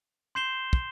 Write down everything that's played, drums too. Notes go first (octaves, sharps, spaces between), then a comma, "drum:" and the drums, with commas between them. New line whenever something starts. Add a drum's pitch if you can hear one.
C6 G6 C7 E7 G7
drum: kick